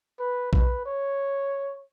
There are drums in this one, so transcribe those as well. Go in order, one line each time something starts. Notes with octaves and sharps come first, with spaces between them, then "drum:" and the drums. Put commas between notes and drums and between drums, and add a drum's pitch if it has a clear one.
B4
B4, drum: kick B1
C#5